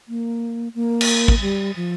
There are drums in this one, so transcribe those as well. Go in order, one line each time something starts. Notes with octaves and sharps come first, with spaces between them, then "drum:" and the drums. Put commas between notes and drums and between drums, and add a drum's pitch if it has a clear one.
A#3
A#3
drum: cymbal
drum: kick
G3
F3